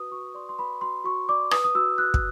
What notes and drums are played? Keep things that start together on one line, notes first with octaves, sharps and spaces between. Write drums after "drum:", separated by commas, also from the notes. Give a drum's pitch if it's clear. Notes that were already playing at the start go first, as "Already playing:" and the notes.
Already playing: F#4 B4 D#6
F#4 C#6
D5 C6
C6
B4 B5
F#4 C6
F#4 C#6
D5 D6
B4 D#6, drum: rim click
D#6
F#4 E6
F#4 F#6
drum: kick